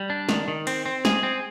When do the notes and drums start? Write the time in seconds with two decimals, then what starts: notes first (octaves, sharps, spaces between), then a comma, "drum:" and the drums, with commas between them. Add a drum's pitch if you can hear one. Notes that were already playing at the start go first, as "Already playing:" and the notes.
Already playing: G3
0.10 D4
0.29 D#3, drum: snare
0.48 D#3
0.67 C4, drum: cymbal
0.86 C4
1.05 G#4, drum: snare
1.23 C4